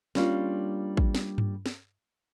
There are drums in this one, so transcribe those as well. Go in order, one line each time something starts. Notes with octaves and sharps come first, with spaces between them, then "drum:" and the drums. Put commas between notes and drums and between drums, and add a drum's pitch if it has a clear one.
G3 A#3 C#4 D4 F4, drum: snare
drum: kick
drum: snare
drum: tom G2
drum: snare